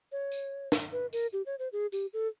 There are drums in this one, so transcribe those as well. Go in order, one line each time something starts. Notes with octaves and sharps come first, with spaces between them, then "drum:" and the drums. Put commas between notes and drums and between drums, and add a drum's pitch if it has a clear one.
C#5
drum: tambourine
drum: snare
B4
A#4, drum: tambourine
G4
C#5
C5
G#4
G4, drum: tambourine
A4